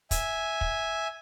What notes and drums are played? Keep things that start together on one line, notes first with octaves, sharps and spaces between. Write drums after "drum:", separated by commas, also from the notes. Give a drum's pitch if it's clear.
E5 G#5, drum: kick, hi-hat
drum: kick